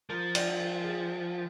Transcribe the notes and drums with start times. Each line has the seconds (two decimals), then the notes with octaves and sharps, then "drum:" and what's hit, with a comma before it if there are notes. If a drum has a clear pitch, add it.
0.09 F3 A#4
0.35 D5, drum: cymbal
0.59 A#4
0.84 G#4